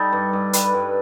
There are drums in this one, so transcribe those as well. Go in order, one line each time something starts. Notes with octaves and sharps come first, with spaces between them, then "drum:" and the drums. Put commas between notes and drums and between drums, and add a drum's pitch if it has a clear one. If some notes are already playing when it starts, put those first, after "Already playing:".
Already playing: G3 D#4 A4
G2
G2
G3 B4, drum: hi-hat
G2